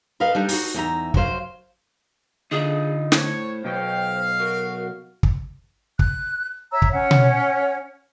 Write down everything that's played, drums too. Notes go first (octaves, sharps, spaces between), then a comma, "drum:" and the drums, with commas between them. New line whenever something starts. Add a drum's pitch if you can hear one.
A#4 B4 D#5 F5
G3 D4 D#4
D#4 F#4, drum: open hi-hat
E2 D#4 E5 A#5
F#2 F#3 C5 F5, drum: kick
D3 D#4 F4 G#4 D#5
A2 C5 C#5, drum: snare
B2 F#3 B3 F5 G5
F#4 A#4
drum: kick
F#6, drum: kick
C#5 E5 A#5 E6
drum: kick
C#4 C#5 F#5
drum: tom B2